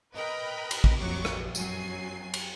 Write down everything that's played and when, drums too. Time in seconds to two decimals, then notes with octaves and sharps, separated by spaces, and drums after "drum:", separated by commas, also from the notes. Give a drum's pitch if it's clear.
0.14 A#4 B4 D#5 G5 A#5 B5
0.71 drum: cymbal
0.84 drum: kick A1
0.97 A#1 F2 F#3 C#6 D6
1.25 drum: rim click
1.55 F#2 F#3 G#5 C7, drum: tambourine
2.34 drum: cymbal